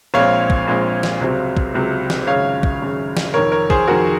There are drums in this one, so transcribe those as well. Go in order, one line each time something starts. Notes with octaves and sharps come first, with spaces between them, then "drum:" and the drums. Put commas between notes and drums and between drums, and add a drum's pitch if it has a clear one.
A#1 A#2 G#3 C4 C#5 F5
drum: kick
A#1 A#2 G#3 C4
drum: snare
C#2 C3 F#3 C4
drum: kick
C#2 C3 F#3 C4
drum: snare
G#1 F#2 C#3 C#5 F5
drum: kick
G#1 F#2 C#3
drum: snare
F1 F2 D#3 A#4 C#5
A#4 C#5
G#4 C5, drum: kick
F1 F2 D#3 F#4 A#4